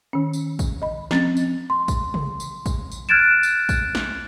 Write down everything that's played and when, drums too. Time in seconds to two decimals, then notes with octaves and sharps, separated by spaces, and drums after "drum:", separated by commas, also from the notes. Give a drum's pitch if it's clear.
0.13 D#3 C#4
0.33 drum: tambourine
0.59 drum: kick, tambourine
0.82 D#5 B5
1.11 F3 C4 C#4 A6, drum: snare
1.37 drum: tambourine
1.70 C6
1.88 drum: kick, tambourine
2.14 drum: tom
2.40 drum: tambourine
2.66 drum: kick, tambourine
2.91 drum: tambourine
3.09 F6 F#6 G#6 A6 D7 E7
3.43 drum: tambourine
3.69 drum: kick, tambourine
3.95 drum: snare